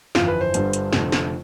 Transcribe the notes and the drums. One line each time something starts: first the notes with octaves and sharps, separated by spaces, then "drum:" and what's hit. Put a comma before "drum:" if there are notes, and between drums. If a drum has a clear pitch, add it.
G1 F2 E3 F4, drum: snare
B4
C5
G1 G2 D3 G3, drum: hi-hat
drum: hi-hat
F1 F2 D3 A3, drum: snare
drum: snare